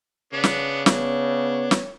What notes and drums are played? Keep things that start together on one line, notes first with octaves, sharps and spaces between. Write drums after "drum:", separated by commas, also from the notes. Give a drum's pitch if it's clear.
C#3 B3 D4
drum: snare
B3 D4 C#5, drum: snare
drum: snare